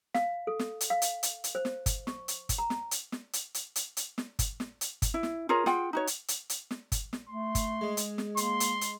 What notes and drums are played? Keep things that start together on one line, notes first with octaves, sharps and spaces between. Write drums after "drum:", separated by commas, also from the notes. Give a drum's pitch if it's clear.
F5, drum: snare
A4
drum: snare
drum: hi-hat
F5
drum: hi-hat
drum: hi-hat
drum: hi-hat
C5
drum: snare
drum: kick G1, hi-hat
C#6, drum: snare
drum: hi-hat
drum: kick G1, hi-hat
A#5
drum: snare
drum: hi-hat
drum: snare
drum: hi-hat
drum: hi-hat
drum: hi-hat
drum: hi-hat
drum: snare
drum: kick G1, hi-hat
drum: snare
drum: hi-hat
drum: kick G1, hi-hat
E4
drum: snare
F4 G#4 A#4 C#5
F4 G#4 F#5 G5, drum: snare
D#4 F#4 C#5
drum: hi-hat
drum: hi-hat
drum: hi-hat
drum: snare
drum: kick G1, hi-hat
drum: snare
A3 C6
drum: kick G1, hi-hat
G#3
drum: hi-hat
drum: snare
A#3 C6, drum: hi-hat
drum: hi-hat
drum: hi-hat